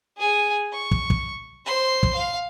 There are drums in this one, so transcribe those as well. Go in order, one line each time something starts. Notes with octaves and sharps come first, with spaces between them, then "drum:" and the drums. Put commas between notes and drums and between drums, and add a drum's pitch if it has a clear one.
G#4 G#5
C#6
drum: kick
drum: kick
C5 C6
drum: kick
F5